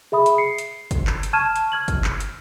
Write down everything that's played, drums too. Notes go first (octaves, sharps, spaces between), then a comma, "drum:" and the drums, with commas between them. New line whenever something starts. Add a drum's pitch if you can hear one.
G#4 E5 B5 D#6
drum: hi-hat
C7 C#7
drum: hi-hat
drum: kick, hi-hat
drum: clap
drum: hi-hat
A5 C#6 F6 G#6 D#7 E7
drum: hi-hat
F6 G#6 F#7
drum: kick, hi-hat
drum: clap
drum: hi-hat